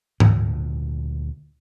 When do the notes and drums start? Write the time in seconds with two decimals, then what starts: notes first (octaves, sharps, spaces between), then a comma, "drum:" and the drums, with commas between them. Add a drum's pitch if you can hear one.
0.20 D2 A#2 C#3, drum: tom G#2